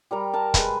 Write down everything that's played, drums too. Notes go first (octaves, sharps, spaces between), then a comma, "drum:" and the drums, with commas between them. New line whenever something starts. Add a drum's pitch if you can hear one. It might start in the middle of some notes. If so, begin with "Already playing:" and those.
G3 A#4 A#5
A#4 A5
G#3 B4, drum: kick, hi-hat